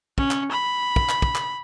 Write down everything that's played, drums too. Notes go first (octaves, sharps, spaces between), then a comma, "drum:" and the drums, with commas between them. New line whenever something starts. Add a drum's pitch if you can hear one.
C#4, drum: kick
drum: clap
B5
drum: kick
drum: clap
drum: kick
drum: clap